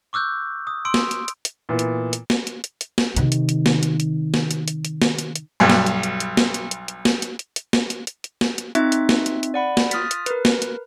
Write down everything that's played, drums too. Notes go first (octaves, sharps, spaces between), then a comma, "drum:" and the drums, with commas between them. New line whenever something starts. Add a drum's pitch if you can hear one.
C#6 D6 E6 F#6 G6
D#6
C6 E6 D7
drum: snare
drum: hi-hat
drum: hi-hat
drum: hi-hat
A#2 E3 B3
drum: hi-hat
drum: hi-hat
drum: snare
drum: hi-hat
drum: hi-hat
drum: hi-hat
drum: snare
C3 D#3, drum: hi-hat
drum: hi-hat
drum: hi-hat
drum: snare
drum: hi-hat
drum: hi-hat
drum: snare
drum: hi-hat
drum: hi-hat
drum: hi-hat
drum: snare
drum: hi-hat
drum: hi-hat
B1 G2
drum: snare
drum: hi-hat
drum: hi-hat
drum: hi-hat
drum: snare
drum: hi-hat
drum: hi-hat
drum: hi-hat
drum: snare
drum: hi-hat
drum: hi-hat
drum: hi-hat
drum: snare
drum: hi-hat
drum: hi-hat
drum: hi-hat
drum: snare
drum: hi-hat
C4 D#4 F4 E5, drum: hi-hat
drum: hi-hat
drum: snare
drum: hi-hat
drum: hi-hat
D5 F#5 B5
drum: snare
F4 D#6 F6 A6 B6, drum: hi-hat
drum: hi-hat
A#4 B4, drum: hi-hat
drum: snare
drum: hi-hat